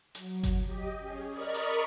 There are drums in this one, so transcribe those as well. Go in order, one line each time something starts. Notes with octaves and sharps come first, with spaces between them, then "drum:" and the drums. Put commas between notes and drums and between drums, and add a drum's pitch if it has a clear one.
F#3, drum: hi-hat
drum: kick G1, hi-hat
G4 D#5
C#4 G#4
A#4 D5 D#5 A#5 B5 C#6
drum: hi-hat